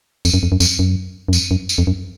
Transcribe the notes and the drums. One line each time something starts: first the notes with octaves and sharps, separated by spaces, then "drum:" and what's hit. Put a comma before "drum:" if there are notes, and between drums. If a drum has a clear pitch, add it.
F2, drum: tambourine
F#2
F2
F#2
F2, drum: tambourine
F#2
F#2
F2, drum: tambourine
F#2
drum: tambourine
F2
F#2